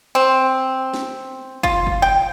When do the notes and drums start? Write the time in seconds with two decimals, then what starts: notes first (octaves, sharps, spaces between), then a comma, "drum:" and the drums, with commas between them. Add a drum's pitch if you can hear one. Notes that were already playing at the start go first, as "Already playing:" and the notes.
0.15 C4
0.94 drum: snare
1.63 F4, drum: kick
1.87 drum: kick
2.02 G5